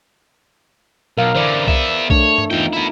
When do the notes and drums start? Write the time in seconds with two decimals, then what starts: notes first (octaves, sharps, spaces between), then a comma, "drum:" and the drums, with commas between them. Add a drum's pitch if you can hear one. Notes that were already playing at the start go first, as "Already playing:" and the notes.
1.18 B1 A#4 F5
1.35 D3 E3 C5 D5
1.68 B3 E5 F5, drum: kick C2
2.10 A3 D4 C#5, drum: kick C2
2.38 drum: tom G2
2.50 E2 D#4 F4 G5
2.73 B3 E4